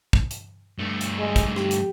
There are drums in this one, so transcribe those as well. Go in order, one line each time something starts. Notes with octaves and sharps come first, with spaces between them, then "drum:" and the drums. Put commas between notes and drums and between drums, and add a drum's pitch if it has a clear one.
drum: kick
drum: hi-hat
G2 A3
drum: hi-hat
G#3
drum: kick, hi-hat
G4, drum: rim click
drum: hi-hat